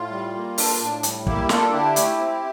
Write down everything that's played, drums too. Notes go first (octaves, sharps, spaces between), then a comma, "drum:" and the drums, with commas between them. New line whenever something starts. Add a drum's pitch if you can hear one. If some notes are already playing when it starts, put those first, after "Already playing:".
Already playing: A2 F4
G3
A#3
D4, drum: open hi-hat
A2
G3, drum: hi-hat
A#3 E4 G4, drum: kick
D4 F4 A4, drum: snare
D3 E4 G4
A3, drum: hi-hat
C4